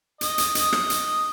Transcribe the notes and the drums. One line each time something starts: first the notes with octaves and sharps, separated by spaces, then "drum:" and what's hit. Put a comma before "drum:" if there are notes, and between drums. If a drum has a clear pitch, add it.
D#5, drum: hi-hat
drum: hi-hat
D#5, drum: hi-hat
drum: rim click
drum: hi-hat